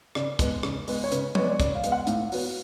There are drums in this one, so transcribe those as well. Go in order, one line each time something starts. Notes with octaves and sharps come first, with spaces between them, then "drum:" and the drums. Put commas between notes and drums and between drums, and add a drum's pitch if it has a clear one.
C#3 D5, drum: rim click
G#3 B3, drum: kick, hi-hat
C#3, drum: rim click
G#3 B3, drum: open hi-hat
C#5
C#3 B4, drum: hi-hat
G#3 B3 C#5, drum: tom
D5
C#5
C#3 D5, drum: kick, hi-hat
F5
G#3 B3, drum: hi-hat
F#5
A2 F5, drum: hi-hat
F#3 B3, drum: open hi-hat